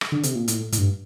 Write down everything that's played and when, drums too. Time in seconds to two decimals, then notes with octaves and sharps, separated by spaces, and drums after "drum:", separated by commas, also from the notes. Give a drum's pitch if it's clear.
0.01 drum: rim click
0.12 D3
0.23 C3, drum: hi-hat
0.35 A#2
0.48 A2, drum: hi-hat
0.72 A2, drum: hi-hat
0.78 G2